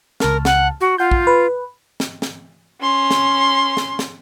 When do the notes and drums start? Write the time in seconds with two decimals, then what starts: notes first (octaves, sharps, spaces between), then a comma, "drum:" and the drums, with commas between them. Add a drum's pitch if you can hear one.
0.20 C#2 A#4 A5 F6, drum: snare
0.45 F#5, drum: snare
0.81 F#4
0.98 F4 F#5 G6
1.11 drum: kick
1.27 B4
2.00 drum: snare
2.22 drum: snare
2.81 C#4 C6
3.11 drum: snare
3.77 drum: snare
3.99 drum: snare